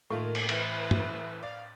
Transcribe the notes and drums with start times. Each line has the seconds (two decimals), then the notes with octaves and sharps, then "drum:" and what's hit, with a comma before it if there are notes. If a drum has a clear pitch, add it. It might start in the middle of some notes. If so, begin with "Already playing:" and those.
0.11 A2 D#3 A3 A#3 F4 A#4
0.35 drum: cymbal
0.49 E3 B4 C5, drum: cymbal
0.91 drum: tom
1.43 D5 F5